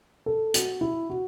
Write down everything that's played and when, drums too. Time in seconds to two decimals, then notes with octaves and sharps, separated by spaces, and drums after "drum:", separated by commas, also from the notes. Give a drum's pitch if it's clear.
0.26 A4
0.54 F#4, drum: hi-hat
0.81 E4
1.10 F#4